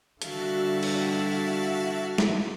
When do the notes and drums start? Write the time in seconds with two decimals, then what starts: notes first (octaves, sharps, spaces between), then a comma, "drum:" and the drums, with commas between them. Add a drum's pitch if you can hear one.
0.22 D3 G3 E4 F#4 E5 F5 A5, drum: hi-hat
0.83 drum: cymbal
2.18 drum: snare